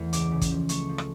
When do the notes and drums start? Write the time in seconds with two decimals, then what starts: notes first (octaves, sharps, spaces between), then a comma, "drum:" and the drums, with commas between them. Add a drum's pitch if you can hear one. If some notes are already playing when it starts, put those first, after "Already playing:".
Already playing: E2 E3 A3
0.13 C#2 D6, drum: hi-hat
0.32 C#3
0.41 drum: kick, hi-hat
0.51 F3
0.69 A3 C#6, drum: hi-hat
0.89 F3
0.98 drum: rim click